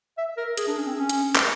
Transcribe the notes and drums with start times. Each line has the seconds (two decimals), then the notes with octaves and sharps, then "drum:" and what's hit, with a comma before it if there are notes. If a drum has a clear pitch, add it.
0.18 E5
0.37 A#4
0.57 G#4, drum: hi-hat
0.67 D4
0.77 C#4
0.87 C4
0.97 C#4
1.09 drum: hi-hat
1.36 drum: clap